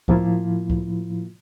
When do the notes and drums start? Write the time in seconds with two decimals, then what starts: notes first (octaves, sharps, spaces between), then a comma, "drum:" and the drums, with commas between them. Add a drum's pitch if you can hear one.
0.08 A2 F3 A#3 E4 F4, drum: kick
0.70 drum: kick